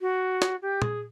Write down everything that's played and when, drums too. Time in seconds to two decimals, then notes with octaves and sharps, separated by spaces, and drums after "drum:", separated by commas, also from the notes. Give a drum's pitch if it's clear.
0.01 F#4
0.42 drum: snare
0.62 G4
0.82 G#4, drum: tom